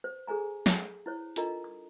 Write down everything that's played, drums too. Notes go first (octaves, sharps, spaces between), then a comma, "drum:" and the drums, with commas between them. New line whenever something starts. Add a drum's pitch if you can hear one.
C5
G#4 A4 C5 G#5 A#5
drum: snare
E4 C5 C#5
D4 F4 A4 A#4 D#5 A#5, drum: hi-hat
D#6